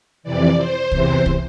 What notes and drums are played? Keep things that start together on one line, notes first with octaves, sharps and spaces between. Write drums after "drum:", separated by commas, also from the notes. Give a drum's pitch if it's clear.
F2 C3 E3 D5
C5
E2 C3 E3 C5, drum: kick
drum: kick